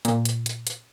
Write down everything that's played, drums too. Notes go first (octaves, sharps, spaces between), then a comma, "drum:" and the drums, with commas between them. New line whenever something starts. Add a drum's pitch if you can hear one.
A#2, drum: hi-hat
drum: hi-hat
drum: hi-hat
drum: hi-hat